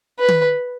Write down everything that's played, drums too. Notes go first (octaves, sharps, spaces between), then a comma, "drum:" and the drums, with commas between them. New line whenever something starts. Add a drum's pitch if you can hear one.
B4
drum: tom